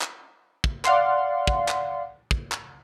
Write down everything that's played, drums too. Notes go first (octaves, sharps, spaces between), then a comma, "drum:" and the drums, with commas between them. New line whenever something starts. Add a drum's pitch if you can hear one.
drum: clap
drum: kick
D5 F5 F#5 C6, drum: clap
drum: kick
drum: clap
drum: kick
drum: clap